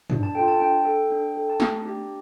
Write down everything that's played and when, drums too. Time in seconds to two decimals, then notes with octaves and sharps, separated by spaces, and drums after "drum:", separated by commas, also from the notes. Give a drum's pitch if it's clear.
0.10 D4, drum: tom
0.23 A5
0.35 F4 A4 G5
0.48 A5
0.60 D4 G5
0.85 A4
1.10 D4
1.36 A4
1.50 A5
1.60 A3 A#5, drum: snare
1.86 D4 G4